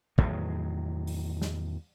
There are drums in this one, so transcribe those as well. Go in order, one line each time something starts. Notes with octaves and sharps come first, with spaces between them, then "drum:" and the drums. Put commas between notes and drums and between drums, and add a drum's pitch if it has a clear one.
E2 A2 D#3 F#3, drum: kick
drum: open hi-hat
drum: snare